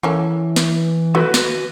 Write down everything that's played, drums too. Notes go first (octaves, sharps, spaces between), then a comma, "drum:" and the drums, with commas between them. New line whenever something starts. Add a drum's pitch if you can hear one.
E3 A#3 C#4 A4
drum: snare
D#3 A3 B3 F#4 B4
drum: snare